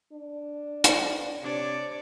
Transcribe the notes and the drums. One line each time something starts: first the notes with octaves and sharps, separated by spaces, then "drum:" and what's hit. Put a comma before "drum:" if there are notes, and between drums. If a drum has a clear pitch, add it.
D4
drum: hi-hat
C3 D4 C#5 D5